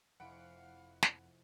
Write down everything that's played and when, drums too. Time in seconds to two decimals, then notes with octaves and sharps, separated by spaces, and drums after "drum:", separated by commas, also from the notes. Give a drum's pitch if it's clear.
0.20 F1 F2 E4 F5 F#5 B5 D7
1.03 drum: snare